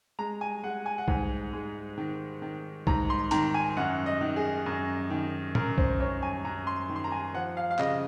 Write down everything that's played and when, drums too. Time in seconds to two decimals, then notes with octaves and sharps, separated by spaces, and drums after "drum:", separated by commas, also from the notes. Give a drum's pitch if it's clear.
0.19 G#3 A#5
0.41 G#5
0.63 G#3 F#5
0.86 G#5
0.98 F#5
1.08 G#2 G#5, drum: kick B1
1.53 G#3
1.98 D#3
2.42 D#3
2.87 G#2 A#5, drum: kick B1
3.10 C6
3.31 D#3 A#5, drum: hi-hat
3.54 G#5
3.77 F#2 F#5
4.06 D#5
4.21 D#3
4.36 G#4
4.66 F#2
5.10 D#3
5.55 F#2 A#4, drum: tom
5.78 C5, drum: kick B1
6.00 F#2 C#5
6.22 G#5
6.45 F#2 A#5
6.67 C6
6.89 D#3
6.96 C6
7.04 A#5
7.12 G#5
7.34 F3 F#5
7.57 F5
7.71 F5
7.79 C#3 D#5, drum: clap